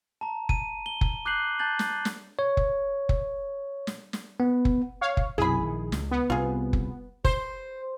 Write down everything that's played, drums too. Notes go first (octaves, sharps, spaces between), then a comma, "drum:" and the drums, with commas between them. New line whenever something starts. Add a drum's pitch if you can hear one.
A5 A#5
D#7, drum: kick
G7
drum: kick
D6 F#6 G6 C7 F#7
A5 F#6 G6 A6 F#7
drum: snare
drum: snare
C#5
drum: kick
drum: kick
drum: snare
drum: snare
B3
drum: kick
C#5 F5
drum: kick
B1 F#2 C3 E4 G#4 B5
A#1 D#3
C#2, drum: snare
B3
C2 C3 F4 G#4
drum: kick
C5, drum: kick